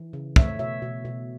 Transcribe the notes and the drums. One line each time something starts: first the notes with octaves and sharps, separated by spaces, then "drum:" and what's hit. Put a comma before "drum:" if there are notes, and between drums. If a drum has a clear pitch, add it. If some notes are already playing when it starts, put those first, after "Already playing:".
Already playing: E3
C#3
A3 C#5 E5, drum: kick
B2 C#5 E5
B2
B2